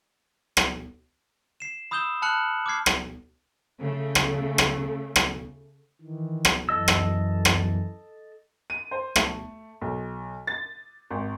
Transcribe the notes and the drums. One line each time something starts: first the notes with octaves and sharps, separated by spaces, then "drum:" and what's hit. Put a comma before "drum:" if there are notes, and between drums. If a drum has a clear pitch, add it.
drum: rim click
C7 E7
B5 D#6 E6 G6 E7 G7
A5 B5 F6 F#6 C#7 F#7
D6 D#6 F6 G#6 C7
drum: rim click
C#3 A3
drum: rim click
drum: rim click
drum: rim click
D#3 E3
drum: rim click
F#2 E3 A4 D#5 E6
drum: rim click
drum: rim click
D#7
C5
A3, drum: rim click
B1
A6
G#1